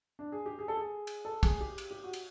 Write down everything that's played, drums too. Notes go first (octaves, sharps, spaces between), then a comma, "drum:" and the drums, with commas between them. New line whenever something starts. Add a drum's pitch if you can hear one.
D4
G#4
G4
G#4
A4
G#4
drum: cymbal
A4
G#4, drum: kick, cymbal
G4
drum: cymbal
G4
F#4
drum: cymbal